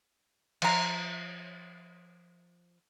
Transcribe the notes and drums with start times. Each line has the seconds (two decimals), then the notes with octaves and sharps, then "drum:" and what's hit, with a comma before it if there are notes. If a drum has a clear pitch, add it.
0.62 F3 A#5, drum: cymbal